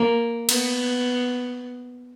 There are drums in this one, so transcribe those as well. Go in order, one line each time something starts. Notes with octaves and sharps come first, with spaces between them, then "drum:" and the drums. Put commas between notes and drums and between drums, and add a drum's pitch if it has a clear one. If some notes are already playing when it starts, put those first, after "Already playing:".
Already playing: A#3
B3, drum: cymbal